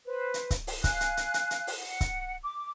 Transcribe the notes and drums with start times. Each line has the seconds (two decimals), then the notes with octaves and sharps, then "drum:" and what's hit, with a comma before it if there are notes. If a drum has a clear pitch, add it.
0.06 B4 C5
0.34 drum: hi-hat
0.50 drum: kick C#1, hi-hat
0.67 drum: open hi-hat
0.84 F5 G#5 F#6, drum: kick C#1, hi-hat
1.01 drum: hi-hat
1.17 drum: hi-hat
1.34 drum: hi-hat
1.51 drum: hi-hat
1.67 drum: open hi-hat
1.78 F#5
2.01 drum: kick C#1, hi-hat
2.42 D6